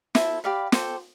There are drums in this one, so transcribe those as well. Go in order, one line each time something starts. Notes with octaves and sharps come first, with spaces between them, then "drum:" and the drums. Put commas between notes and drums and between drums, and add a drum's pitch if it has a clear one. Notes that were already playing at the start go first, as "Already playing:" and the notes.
E4 A4 C5, drum: snare
G4 D5 F5 B5
A4 C5 G5 D6, drum: snare